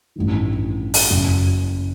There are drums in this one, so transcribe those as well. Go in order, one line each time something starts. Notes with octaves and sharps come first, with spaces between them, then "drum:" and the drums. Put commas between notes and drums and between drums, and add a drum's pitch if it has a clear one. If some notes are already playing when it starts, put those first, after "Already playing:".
A1 G2 D#3
drum: open hi-hat
F#1 F#2 C#3